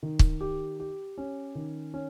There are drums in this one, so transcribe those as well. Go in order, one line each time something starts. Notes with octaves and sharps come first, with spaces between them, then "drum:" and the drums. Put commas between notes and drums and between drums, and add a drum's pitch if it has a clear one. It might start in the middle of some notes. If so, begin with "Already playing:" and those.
D#3
drum: kick
G4
G4
C#4
D#3
C#4